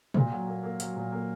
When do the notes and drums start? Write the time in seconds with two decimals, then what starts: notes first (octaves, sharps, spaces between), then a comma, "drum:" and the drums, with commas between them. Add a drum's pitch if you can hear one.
0.14 A#2, drum: tom A#2
0.32 F#3
0.47 A#3
0.63 A#3
0.80 F#3, drum: hi-hat
0.96 A#2
1.12 A#3